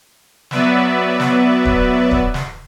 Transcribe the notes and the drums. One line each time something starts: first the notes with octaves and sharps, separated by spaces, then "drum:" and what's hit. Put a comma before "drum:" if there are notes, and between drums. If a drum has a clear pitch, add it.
F#3 B3 B4 D5 E5, drum: snare
drum: snare
drum: kick
drum: kick
drum: snare